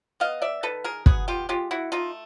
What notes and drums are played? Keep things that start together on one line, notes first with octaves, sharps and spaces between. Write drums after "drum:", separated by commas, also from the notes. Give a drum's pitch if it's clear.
B3 D#5 F5
D5 E5
D#3 A4 B4
G#4 A#4
B3 F#4 G#4, drum: kick
F4 G4
G#3 F4 G4
E4 F#4
A3 D#4 F4